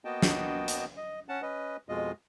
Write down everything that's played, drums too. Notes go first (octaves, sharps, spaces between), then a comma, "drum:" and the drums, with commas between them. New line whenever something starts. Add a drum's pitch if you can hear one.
A#3 B3 F#4 D#5 G5 A5
drum: snare
drum: hi-hat
D#5
C#4 F#5 A5
C#4 B4 D#5
F2 B2 G#3 F4 D#5